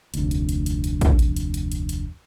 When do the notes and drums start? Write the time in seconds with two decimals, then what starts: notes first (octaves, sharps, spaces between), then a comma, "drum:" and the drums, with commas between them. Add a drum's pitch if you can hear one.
0.14 F1 D2, drum: hi-hat
0.31 drum: hi-hat
0.49 drum: hi-hat
0.66 drum: hi-hat
0.84 drum: hi-hat
1.01 drum: kick, hi-hat
1.19 drum: hi-hat
1.36 drum: hi-hat
1.54 drum: hi-hat
1.72 drum: hi-hat
1.89 drum: hi-hat